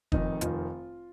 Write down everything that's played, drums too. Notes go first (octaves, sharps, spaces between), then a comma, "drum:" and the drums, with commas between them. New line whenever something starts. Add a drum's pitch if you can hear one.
F1 F2 D#3 D#4, drum: kick
F1 F2 D#3 F4, drum: hi-hat